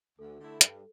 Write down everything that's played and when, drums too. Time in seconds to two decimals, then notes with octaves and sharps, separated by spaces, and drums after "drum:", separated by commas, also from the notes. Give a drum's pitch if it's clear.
0.19 D2 A4
0.40 D3 A3 E4
0.61 G2, drum: hi-hat